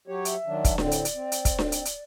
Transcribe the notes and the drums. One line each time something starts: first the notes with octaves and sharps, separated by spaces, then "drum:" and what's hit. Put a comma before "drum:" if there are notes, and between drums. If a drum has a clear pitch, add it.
F#3 G4 C#5
E5, drum: hi-hat
D#3 F#3 D4
drum: kick, hi-hat
A2 D3 C4 D5, drum: snare D4
drum: hi-hat
drum: hi-hat
C4
drum: hi-hat
drum: kick, hi-hat
drum: snare D4
drum: hi-hat
drum: hi-hat